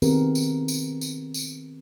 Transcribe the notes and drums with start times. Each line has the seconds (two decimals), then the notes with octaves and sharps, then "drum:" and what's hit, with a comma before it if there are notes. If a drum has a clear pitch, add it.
0.02 D#3 B3 C4 G4 G#4 A#4, drum: tambourine
0.35 drum: tambourine
0.68 drum: tambourine
1.01 drum: tambourine
1.34 drum: tambourine